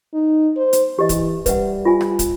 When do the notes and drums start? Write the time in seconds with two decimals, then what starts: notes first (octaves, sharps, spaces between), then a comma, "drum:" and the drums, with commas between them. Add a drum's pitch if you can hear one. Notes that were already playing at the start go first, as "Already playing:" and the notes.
0.14 D#4
0.57 C5
0.73 drum: hi-hat
0.99 E3 G4 D#5
1.09 drum: kick, hi-hat
1.46 G3 B4 E5 F#5, drum: kick, hi-hat
1.85 F4 G#5
2.01 drum: rim click
2.19 drum: kick, hi-hat